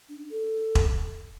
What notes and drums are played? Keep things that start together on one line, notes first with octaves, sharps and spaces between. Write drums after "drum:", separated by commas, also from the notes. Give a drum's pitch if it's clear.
D4
A4
drum: kick E1